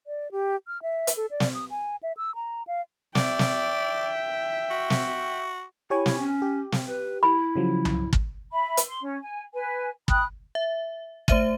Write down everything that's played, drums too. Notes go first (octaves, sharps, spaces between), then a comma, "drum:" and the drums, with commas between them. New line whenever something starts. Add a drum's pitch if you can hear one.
D5
G4
F6
E5
drum: hi-hat
A4
D5
drum: snare
D#6
G#5
E5
E6
A#5
F5
D5 E5 G5, drum: snare
drum: snare
F#4
drum: snare
E4 G4 C#5 G#5
drum: snare
C#4
G4
drum: snare
B4
E4 B5
C#3 F3 F#3
drum: tom C2
drum: kick
E5 B5
drum: hi-hat
C6
C#4
G#5
B4 G#5
G5 B5 D#6 F#6, drum: kick
E5
A3 C5 E5 D#7, drum: kick